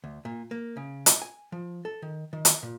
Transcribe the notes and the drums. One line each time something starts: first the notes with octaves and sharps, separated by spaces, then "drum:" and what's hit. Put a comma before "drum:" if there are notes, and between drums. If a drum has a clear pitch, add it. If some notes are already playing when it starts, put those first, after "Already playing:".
D2
A#2
A#3
C#3
drum: hi-hat
G#5
F3
A4
D#3
D#3
drum: hi-hat
A#2